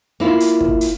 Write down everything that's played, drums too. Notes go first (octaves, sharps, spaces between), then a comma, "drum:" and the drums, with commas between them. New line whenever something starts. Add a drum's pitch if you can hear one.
A#3 E4 F4
drum: hi-hat
drum: kick
drum: hi-hat